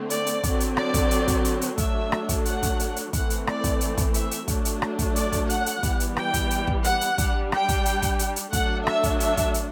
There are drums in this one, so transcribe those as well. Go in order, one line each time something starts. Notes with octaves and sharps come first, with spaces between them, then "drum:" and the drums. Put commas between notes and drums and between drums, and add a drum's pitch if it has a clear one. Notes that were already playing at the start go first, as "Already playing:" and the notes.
Already playing: D3 A3 C4
D5, drum: hi-hat
drum: hi-hat
D3 F#3 C4, drum: kick, hi-hat
drum: hi-hat
D5, drum: rim click
drum: kick, hi-hat
drum: hi-hat
drum: kick, hi-hat
drum: hi-hat
drum: hi-hat
F#3 A3 D4 E5, drum: kick, hi-hat
drum: rim click
drum: kick, hi-hat
F#5, drum: hi-hat
drum: kick, hi-hat
drum: hi-hat
drum: hi-hat
E3 A3 C4 F#5, drum: kick, hi-hat
drum: hi-hat
D5, drum: rim click
drum: kick, hi-hat
drum: hi-hat
drum: kick, hi-hat
E5, drum: hi-hat
drum: hi-hat
F#3 A3 D4, drum: kick, hi-hat
drum: hi-hat
drum: rim click
drum: kick, hi-hat
D5, drum: hi-hat
drum: kick, hi-hat
F#5, drum: hi-hat
drum: hi-hat
E3 G3 B3, drum: kick, hi-hat
drum: hi-hat
G5, drum: rim click
drum: kick, hi-hat
drum: hi-hat
drum: kick
F#5, drum: hi-hat
drum: hi-hat
G3 D4, drum: kick, hi-hat
G5, drum: rim click
drum: kick, hi-hat
drum: hi-hat
drum: kick, hi-hat
drum: hi-hat
drum: hi-hat
F#3 A3 D4 F#5, drum: kick, hi-hat
E5, drum: rim click
drum: kick, hi-hat
E5, drum: hi-hat
drum: kick, hi-hat
drum: hi-hat